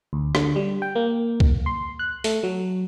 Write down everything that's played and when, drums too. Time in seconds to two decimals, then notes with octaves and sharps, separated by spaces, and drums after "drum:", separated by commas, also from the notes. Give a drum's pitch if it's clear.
0.13 D2
0.35 D3, drum: rim click
0.56 G3
0.82 G5
0.95 A#3
1.40 drum: kick C2
1.66 C6
1.99 F#6
2.24 A3, drum: open hi-hat
2.43 F#3